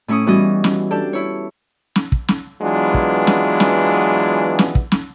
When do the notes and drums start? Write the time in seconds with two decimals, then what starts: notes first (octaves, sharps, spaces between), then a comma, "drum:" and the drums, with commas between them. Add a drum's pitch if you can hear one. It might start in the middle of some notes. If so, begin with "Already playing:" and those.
0.08 A2 C#4 E4 C#6 D#6
0.26 E3 G3 B3 C#4 F#4 D#5
0.64 drum: snare
0.91 D4 G4 A4 D5
1.13 E4 C#5
1.96 drum: snare
2.12 drum: kick
2.28 drum: snare
2.61 E3 F#3 G#3 B3 D4 F4
2.94 drum: kick
3.27 drum: snare
3.60 drum: snare
4.59 drum: snare
4.75 drum: kick
4.92 drum: snare